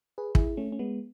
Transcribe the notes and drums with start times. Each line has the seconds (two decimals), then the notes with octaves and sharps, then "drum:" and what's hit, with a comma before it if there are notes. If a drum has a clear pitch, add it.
0.18 G#4 B4
0.35 E4 G#4, drum: kick
0.57 A3 C#4
0.72 C#4
0.79 G#3 B3